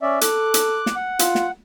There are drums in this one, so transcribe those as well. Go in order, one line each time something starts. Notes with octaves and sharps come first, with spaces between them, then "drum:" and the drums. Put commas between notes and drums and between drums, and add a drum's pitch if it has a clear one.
C#4 D5 E5
A4 D6 F#6, drum: hi-hat
drum: hi-hat
drum: snare
F#5
F4, drum: hi-hat
drum: snare